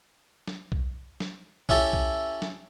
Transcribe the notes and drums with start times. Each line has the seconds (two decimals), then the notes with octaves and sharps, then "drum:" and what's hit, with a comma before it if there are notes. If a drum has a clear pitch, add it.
0.48 drum: snare
0.72 drum: kick B1
1.20 drum: snare
1.69 C#4 E4 G4 A4, drum: kick B1
1.93 drum: kick B1
2.42 drum: snare